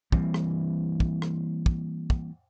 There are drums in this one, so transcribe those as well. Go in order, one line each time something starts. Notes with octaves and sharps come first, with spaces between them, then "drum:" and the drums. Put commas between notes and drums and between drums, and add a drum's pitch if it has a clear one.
E3 G3 A#3 C4, drum: kick
drum: rim click
drum: kick
drum: rim click
drum: kick
drum: kick